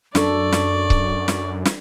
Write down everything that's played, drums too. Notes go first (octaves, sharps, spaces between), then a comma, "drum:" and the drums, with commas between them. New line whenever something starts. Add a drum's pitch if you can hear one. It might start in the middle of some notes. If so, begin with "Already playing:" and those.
F#2 D4 A4 D5 C#6, drum: snare
drum: snare
drum: kick C#1
drum: snare
drum: snare